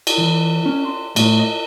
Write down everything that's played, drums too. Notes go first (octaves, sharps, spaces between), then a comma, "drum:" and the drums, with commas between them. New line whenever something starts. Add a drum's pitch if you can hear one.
drum: cymbal
E3
C#4
C6
A2, drum: cymbal
D#5